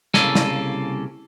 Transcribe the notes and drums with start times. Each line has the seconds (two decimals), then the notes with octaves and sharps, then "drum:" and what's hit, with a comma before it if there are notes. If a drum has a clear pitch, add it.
0.14 C2 C#3 A#3 A4 G#5, drum: snare
0.35 drum: snare